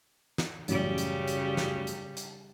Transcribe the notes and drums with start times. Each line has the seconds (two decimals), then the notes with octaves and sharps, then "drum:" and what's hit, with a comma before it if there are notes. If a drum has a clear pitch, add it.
0.38 drum: snare
0.68 A1 F#2 C#3 G3, drum: hi-hat
0.98 drum: hi-hat
1.28 drum: hi-hat
1.57 drum: snare
1.87 drum: hi-hat
2.17 drum: hi-hat